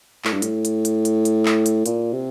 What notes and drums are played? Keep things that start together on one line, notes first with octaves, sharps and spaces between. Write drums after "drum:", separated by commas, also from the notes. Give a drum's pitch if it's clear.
A2, drum: clap
G2
A2, drum: hi-hat
drum: hi-hat
drum: hi-hat
drum: hi-hat
drum: hi-hat
drum: clap
drum: hi-hat
A#2, drum: hi-hat
C3